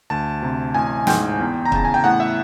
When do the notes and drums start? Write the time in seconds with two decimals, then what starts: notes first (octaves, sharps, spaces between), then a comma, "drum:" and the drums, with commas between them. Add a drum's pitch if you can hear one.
0.10 D2 A5
0.42 C3
0.74 A1 G#5
1.07 G#2 G5, drum: snare
1.39 E2
1.65 A#5
1.72 C#3 A5, drum: kick
1.85 G#5
1.94 G5
2.04 A2 F#5
2.20 E5